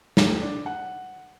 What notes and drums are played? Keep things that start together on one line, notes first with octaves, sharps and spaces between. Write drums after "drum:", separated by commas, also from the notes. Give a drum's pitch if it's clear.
D#1 A1 A2, drum: snare
D4
F#5